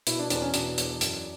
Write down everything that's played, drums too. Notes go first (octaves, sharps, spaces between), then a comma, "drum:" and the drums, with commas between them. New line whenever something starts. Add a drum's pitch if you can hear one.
B2 E4, drum: hi-hat
D4
E2 D4, drum: hi-hat
C#4
B2 D4, drum: hi-hat
E2, drum: hi-hat
F#2, drum: hi-hat